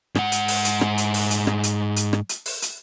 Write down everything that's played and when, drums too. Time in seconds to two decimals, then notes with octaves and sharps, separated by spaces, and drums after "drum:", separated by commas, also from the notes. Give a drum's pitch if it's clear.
0.15 G#2 F#5, drum: rim click
0.32 drum: hi-hat
0.48 drum: open hi-hat
0.65 drum: hi-hat
0.81 drum: rim click
0.98 drum: hi-hat
1.14 drum: open hi-hat
1.31 drum: hi-hat
1.47 drum: rim click
1.63 drum: hi-hat
1.96 drum: hi-hat
2.13 drum: rim click
2.29 drum: hi-hat
2.46 drum: open hi-hat
2.62 drum: hi-hat